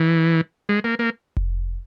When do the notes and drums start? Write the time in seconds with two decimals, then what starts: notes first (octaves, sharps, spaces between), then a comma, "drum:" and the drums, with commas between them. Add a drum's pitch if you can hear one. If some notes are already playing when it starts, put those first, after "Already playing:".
Already playing: E3
0.69 G#3
0.84 A#3
0.99 A#3
1.37 drum: kick F1